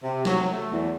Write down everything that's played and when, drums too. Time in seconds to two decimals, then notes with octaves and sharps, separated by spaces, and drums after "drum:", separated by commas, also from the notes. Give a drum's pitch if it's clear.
0.03 C3
0.25 F#3, drum: snare
0.51 A3
0.71 E2